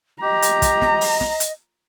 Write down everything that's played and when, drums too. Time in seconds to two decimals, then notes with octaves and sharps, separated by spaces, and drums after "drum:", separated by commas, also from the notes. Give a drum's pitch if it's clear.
0.23 G4 D#5 A#5
0.42 drum: hi-hat
0.62 drum: kick, hi-hat
0.81 drum: snare
1.01 drum: open hi-hat
1.20 drum: snare
1.40 drum: hi-hat